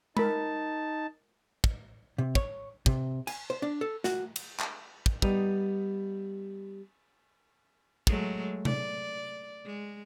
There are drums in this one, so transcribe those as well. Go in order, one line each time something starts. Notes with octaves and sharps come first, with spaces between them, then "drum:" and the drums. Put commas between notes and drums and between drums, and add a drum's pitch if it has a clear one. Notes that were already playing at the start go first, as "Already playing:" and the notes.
D#4 A#4 A5 B5, drum: tom G#3
drum: kick
C3
C#5, drum: kick
C3, drum: kick
G#5, drum: cymbal
C5
D4
A4
F#4, drum: snare
drum: cymbal
drum: clap
drum: kick
G3 B3 D#4, drum: kick
F#3 G#3 A3, drum: kick
D5, drum: tom C3
G#3